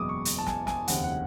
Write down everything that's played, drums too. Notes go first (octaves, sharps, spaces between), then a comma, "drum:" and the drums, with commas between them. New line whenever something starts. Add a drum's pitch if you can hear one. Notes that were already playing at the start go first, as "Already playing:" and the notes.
Already playing: F#1 E2 B2 G#3 D6 D#6
C#6
drum: hi-hat
A5
G#5, drum: snare
G#5, drum: snare
F1 D#2 C#3 F#5, drum: hi-hat
F#5